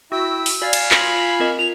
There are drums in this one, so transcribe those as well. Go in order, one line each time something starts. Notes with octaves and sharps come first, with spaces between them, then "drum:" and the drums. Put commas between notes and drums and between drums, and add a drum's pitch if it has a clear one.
E4 F#4 E5 G5 E6
drum: open hi-hat
F#4 D5 F5 G#5
drum: cymbal
F4 B5 D#6 A#6, drum: clap
C4 A#4 D#5
F4 F7